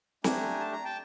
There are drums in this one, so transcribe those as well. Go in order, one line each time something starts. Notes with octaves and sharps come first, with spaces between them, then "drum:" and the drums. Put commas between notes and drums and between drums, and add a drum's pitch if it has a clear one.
A3 D4 G4 G#5 A#5, drum: snare
A5
A#5
G5 A5